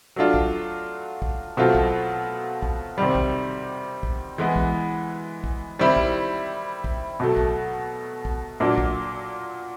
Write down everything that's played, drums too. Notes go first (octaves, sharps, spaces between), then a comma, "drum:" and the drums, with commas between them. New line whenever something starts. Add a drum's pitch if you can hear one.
F#3 A3 D4 F4
drum: kick
drum: kick
B2 F#3 A3 C4 F4
drum: kick
drum: kick
C3 D#3 G3
drum: kick
drum: kick
E3 G#3 B3
drum: kick
drum: kick
D#3 G3 C4 E4
drum: kick
drum: kick
B2 F#3 A3
drum: kick
drum: kick
A#2 F#3 A#3 D4
drum: kick